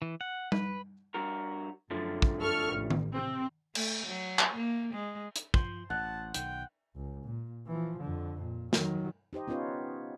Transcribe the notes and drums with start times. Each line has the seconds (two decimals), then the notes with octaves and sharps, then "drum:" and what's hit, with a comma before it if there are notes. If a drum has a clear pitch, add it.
0.02 E3
0.21 F#5
0.52 B4, drum: tom G3
1.14 G2 F#4 A#4
1.91 F#2 D3 F3 A3
2.22 drum: kick
2.40 A4 C#6 F6
2.75 A1
2.90 drum: tom D#3
3.14 C3 C4
3.75 A3, drum: cymbal
4.07 F#3
4.39 drum: clap
4.54 A#3
4.94 G#3
5.36 drum: hi-hat
5.54 F3 C5, drum: kick
5.90 A1 F#5 A5
6.34 B1 D#3 G5, drum: hi-hat
6.95 C#2
7.25 A#2
7.67 E3 F3
8.00 F2 D3
8.42 A#2
8.73 D#3 F#3, drum: snare
9.33 D#4 G4 C5 D#5
9.48 B3 C#4 D#4 F4 B4 C#5